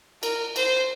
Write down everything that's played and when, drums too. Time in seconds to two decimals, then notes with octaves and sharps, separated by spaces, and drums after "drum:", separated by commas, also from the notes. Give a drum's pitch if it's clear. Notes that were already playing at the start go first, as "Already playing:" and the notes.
0.23 A#4, drum: cymbal
0.56 C5, drum: cymbal